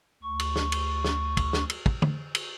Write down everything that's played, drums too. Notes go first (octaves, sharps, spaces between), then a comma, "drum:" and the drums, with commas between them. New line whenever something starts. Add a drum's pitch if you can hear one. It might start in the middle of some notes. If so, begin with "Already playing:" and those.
D2 C#6
drum: cymbal
drum: snare
drum: cymbal
drum: snare
drum: kick, cymbal
drum: snare
drum: cymbal
drum: kick
drum: tom D3
drum: cymbal